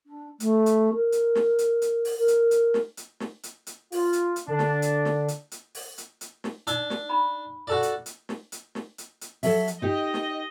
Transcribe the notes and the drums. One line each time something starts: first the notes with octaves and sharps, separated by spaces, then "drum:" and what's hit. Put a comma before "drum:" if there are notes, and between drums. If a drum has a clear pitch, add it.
D4
A3, drum: hi-hat
drum: hi-hat
A#4
drum: hi-hat
drum: snare
drum: hi-hat
drum: hi-hat
drum: open hi-hat
A#4
drum: hi-hat
drum: hi-hat
drum: snare
drum: hi-hat
drum: snare
drum: hi-hat
drum: hi-hat
F4, drum: open hi-hat
drum: hi-hat
drum: hi-hat
D3 D4
drum: snare
drum: hi-hat
drum: snare
drum: hi-hat
drum: hi-hat
drum: open hi-hat
drum: hi-hat
drum: hi-hat
drum: snare
D4 D#4 E6, drum: hi-hat
drum: snare
D#4 A#5 B5
F#4 A4 D5
drum: hi-hat
drum: hi-hat
drum: snare
drum: hi-hat
drum: snare
drum: hi-hat
drum: hi-hat
F#3 A4 E5, drum: open hi-hat
drum: hi-hat
D#4 G4 D#5
drum: snare